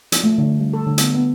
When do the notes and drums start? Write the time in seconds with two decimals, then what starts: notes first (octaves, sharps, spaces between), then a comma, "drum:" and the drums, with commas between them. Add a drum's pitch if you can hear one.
0.12 F3, drum: hi-hat
0.24 A3
0.38 D3
0.60 G3
0.73 A4
0.86 D3
0.98 B3, drum: hi-hat
1.15 B3